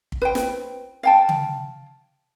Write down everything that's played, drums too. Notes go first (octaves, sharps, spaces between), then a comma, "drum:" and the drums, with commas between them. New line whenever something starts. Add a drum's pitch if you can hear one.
drum: kick
B4 C5 G5
drum: snare
F5 G5 A5
drum: tom C#3